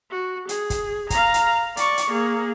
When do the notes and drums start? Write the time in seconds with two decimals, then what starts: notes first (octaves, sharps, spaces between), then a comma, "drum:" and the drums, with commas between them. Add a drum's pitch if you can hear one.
0.11 F#4
0.49 G#4, drum: hi-hat
0.70 drum: kick, hi-hat
1.10 F5 A#5, drum: kick, hi-hat
1.34 drum: hi-hat
1.77 D5 C#6, drum: hi-hat
1.98 drum: hi-hat
2.11 A#3 G#4